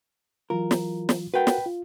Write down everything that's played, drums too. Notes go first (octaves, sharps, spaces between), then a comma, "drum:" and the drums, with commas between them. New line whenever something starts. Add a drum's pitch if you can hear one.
E3 F#3 F4 A#4
drum: snare
drum: snare
F#4 A#4 B4 F#5 G5
drum: snare
F4